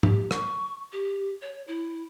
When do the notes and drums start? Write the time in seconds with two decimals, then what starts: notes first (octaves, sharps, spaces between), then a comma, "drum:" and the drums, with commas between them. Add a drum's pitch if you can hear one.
0.03 G4, drum: tom
0.31 C#6, drum: rim click
0.92 G4
1.41 C#5
1.67 E4